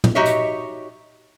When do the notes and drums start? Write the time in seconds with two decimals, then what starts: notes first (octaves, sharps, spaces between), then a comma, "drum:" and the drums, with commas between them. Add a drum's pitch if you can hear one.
0.04 drum: tom
0.15 D#4 F#4 G4 C#5 D#5 E5
0.25 drum: hi-hat